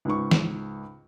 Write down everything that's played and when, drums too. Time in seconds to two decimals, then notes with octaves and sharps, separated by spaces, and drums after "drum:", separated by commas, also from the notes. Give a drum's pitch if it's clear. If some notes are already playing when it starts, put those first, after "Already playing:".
0.05 C#2 G#2 C#6
0.31 drum: snare